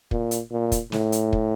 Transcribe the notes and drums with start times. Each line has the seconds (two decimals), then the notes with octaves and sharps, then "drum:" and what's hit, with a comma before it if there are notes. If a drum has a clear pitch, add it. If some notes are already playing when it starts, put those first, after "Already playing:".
0.11 A#2, drum: kick
0.31 drum: hi-hat
0.51 A#2
0.72 drum: kick, hi-hat
0.92 A2, drum: snare
1.12 drum: hi-hat
1.33 drum: kick